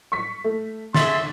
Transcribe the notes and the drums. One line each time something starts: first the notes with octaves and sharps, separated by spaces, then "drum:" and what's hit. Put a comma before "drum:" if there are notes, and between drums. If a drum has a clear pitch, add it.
C#6 B6
A3
G#4 E5 C6 A6 B6, drum: snare